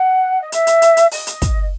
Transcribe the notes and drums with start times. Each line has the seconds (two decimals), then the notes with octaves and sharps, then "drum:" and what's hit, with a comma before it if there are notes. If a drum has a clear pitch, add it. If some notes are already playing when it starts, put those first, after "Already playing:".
Already playing: F#5
0.41 D#5
0.52 E5, drum: hi-hat
0.67 drum: hi-hat
0.82 drum: hi-hat
0.97 drum: hi-hat
1.11 D#5, drum: open hi-hat
1.27 drum: hi-hat
1.42 drum: kick, hi-hat